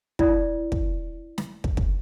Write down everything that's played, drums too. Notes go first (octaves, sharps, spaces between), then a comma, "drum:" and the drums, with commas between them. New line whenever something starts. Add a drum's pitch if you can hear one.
E4 D5, drum: kick
drum: kick
drum: snare
drum: kick
drum: kick